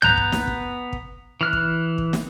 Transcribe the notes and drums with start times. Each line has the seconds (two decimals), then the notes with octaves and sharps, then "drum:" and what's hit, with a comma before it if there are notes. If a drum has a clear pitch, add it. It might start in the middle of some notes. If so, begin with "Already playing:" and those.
0.02 B3 A#5 F#6 G6, drum: tom
0.17 drum: kick
0.32 drum: snare
0.47 drum: kick
0.93 drum: kick
1.41 E3 F6 F#6
1.53 drum: kick
1.98 drum: kick
2.13 drum: snare